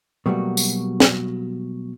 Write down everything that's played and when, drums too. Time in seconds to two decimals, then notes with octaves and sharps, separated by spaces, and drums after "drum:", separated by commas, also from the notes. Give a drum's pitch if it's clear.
0.26 B2 F#3 G3 A3 A#3 F#4
0.57 drum: tambourine
1.00 drum: snare